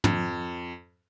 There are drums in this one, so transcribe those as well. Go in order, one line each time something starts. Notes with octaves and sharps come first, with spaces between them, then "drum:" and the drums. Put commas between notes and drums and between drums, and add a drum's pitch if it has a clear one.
F2, drum: tom